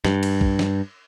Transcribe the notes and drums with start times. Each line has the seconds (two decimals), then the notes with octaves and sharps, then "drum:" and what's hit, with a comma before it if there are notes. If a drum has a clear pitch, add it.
0.05 G2, drum: snare
0.23 drum: cymbal
0.41 drum: kick A#1
0.59 drum: snare